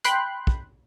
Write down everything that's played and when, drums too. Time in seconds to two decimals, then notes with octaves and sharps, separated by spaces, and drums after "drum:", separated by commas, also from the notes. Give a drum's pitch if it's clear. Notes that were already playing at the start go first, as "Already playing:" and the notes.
0.04 G5 B5 C6 F#6, drum: hi-hat
0.47 drum: kick